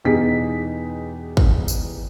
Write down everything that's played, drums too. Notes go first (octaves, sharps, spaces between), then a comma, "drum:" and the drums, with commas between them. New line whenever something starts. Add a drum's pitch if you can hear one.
E2 B2 D#4 G4 G#4 B6
drum: kick
drum: tambourine